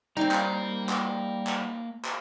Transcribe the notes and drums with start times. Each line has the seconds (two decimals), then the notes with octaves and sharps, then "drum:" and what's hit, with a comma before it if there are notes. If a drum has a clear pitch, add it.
0.17 G3 A#3 C4 D#4 A#5
0.31 drum: clap
0.89 drum: clap
1.47 drum: clap
2.05 drum: clap